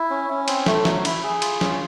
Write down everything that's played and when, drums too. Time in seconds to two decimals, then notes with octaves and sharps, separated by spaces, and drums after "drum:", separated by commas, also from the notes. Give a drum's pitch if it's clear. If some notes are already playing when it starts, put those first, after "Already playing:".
Already playing: E4
0.10 C#4
0.30 C#4
0.48 C4, drum: cymbal
0.66 A3, drum: snare
0.85 F#3, drum: snare
1.05 E4, drum: cymbal
1.23 G#4
1.42 F4, drum: cymbal
1.61 C#4, drum: snare